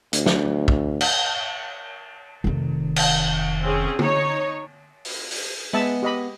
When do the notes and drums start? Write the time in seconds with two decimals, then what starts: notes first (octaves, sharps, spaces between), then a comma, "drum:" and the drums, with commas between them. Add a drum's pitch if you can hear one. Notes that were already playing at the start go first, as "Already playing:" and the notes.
0.13 D2, drum: hi-hat
0.26 drum: snare
0.68 drum: kick
1.01 drum: cymbal
2.44 F1 D#3
2.96 drum: cymbal
3.62 C4 C#4 G#4
3.99 D#4 C#5, drum: tom
5.05 drum: open hi-hat
5.31 drum: open hi-hat
5.73 G#3 B3 E5 A5
6.02 G4 D#5 B5